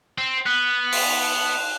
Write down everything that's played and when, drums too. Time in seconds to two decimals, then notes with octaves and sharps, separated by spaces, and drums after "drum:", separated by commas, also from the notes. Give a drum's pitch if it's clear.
0.18 C4
0.46 B3 F#6
0.93 drum: open hi-hat